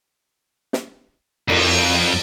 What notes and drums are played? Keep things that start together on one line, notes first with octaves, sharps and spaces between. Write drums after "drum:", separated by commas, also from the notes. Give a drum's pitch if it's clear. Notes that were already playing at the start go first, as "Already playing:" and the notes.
drum: snare
F2, drum: cymbal